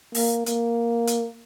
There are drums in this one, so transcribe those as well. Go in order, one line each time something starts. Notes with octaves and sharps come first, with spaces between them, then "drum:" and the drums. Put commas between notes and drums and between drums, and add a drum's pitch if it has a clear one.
A#3, drum: open hi-hat
A#3, drum: hi-hat
drum: hi-hat